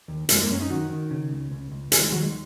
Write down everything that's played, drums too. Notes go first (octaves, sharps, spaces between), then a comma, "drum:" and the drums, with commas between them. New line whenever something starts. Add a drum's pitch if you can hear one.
D#2
F#2 G#3, drum: hi-hat
A#3
F#2 C#4
D#4
D#3 F#4
D#3
C#3
C#2
C#2
C#2
D#2 G#4, drum: hi-hat
G#3
D#3 F#3
G#3